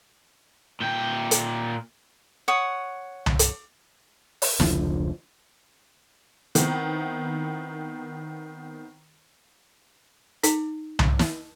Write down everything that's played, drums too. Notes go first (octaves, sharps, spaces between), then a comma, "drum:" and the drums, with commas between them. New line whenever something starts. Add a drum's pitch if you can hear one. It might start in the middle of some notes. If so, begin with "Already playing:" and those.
A#2 G5
drum: hi-hat
C#5 F#5 D#6
drum: tom C2
drum: hi-hat
drum: open hi-hat
F1 C#2 D3 F3, drum: snare
D#3 B3 C4 E4, drum: hi-hat
D#4, drum: hi-hat
drum: tom C2
drum: snare